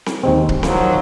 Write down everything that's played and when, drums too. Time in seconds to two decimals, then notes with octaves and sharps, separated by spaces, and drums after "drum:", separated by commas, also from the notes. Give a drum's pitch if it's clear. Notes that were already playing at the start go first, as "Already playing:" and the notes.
0.06 drum: snare C4
0.23 D#2 G#3 C4
0.49 drum: kick C#1
0.63 D#3 F3 F#3, drum: snare C4